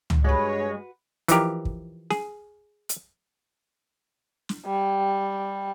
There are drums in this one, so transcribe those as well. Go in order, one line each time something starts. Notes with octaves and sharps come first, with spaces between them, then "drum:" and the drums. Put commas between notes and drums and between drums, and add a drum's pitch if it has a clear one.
drum: tom C#2
G2 G#3 F#4 B4 C#5
E3 F3 D#4 G4 A#4, drum: hi-hat
drum: kick
G#4, drum: snare
drum: hi-hat
drum: snare
G3